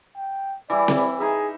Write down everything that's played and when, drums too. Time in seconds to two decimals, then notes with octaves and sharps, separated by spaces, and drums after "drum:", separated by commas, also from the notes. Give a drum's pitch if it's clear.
0.16 G5
0.70 E3 G3 E4 D5
0.88 drum: snare C4
1.20 D#4 G#4 E5